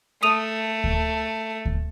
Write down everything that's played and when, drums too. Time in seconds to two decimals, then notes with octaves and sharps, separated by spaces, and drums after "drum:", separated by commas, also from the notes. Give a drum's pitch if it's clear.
0.23 A3 D#6 D#7 F7
0.84 drum: kick D2
1.65 drum: kick D2